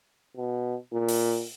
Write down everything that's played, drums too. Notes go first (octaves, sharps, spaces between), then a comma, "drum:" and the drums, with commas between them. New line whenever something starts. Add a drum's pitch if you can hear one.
B2
A#2
drum: open hi-hat